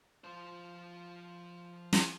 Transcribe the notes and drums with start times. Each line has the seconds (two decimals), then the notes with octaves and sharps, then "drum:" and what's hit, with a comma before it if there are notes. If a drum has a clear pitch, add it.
0.24 F3 C5
1.93 drum: snare